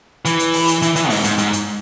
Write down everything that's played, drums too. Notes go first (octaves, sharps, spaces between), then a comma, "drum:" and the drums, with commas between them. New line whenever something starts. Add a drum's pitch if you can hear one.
E3, drum: hi-hat
drum: hi-hat
drum: open hi-hat
drum: hi-hat
E3, drum: hi-hat
E3, drum: hi-hat
G#2, drum: open hi-hat
G#2, drum: hi-hat
G#2, drum: hi-hat
drum: hi-hat